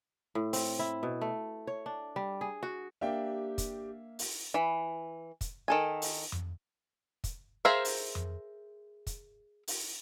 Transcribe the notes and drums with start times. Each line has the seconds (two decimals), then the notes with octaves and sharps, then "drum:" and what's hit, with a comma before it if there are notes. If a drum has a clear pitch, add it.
0.35 A2
0.53 C4, drum: open hi-hat
0.79 E4
1.03 B2
1.21 A3
1.67 C#5
1.86 D4
2.16 G3
2.41 G#4
2.63 F#4
3.01 A#3 D4 G4 E5 F5 G5
3.58 drum: kick, hi-hat
4.19 drum: open hi-hat
4.54 E3 B5
5.41 drum: kick, hi-hat
5.68 D#3 A4 G#5
6.02 drum: open hi-hat
6.32 drum: tom F2
7.24 drum: kick, hi-hat
7.65 G#4 A#4 C5 E5 F5
7.85 drum: open hi-hat
8.15 drum: tom F2
9.07 drum: kick, hi-hat
9.68 drum: open hi-hat